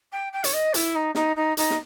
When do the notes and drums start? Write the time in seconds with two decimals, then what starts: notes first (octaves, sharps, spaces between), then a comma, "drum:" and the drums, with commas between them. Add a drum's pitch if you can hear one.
0.12 G5
0.32 G5
0.44 C#5, drum: hi-hat
0.53 D#5
0.74 E4, drum: hi-hat
0.95 D#4
1.15 D#4, drum: snare
1.36 D#4
1.57 D#4, drum: hi-hat
1.70 drum: snare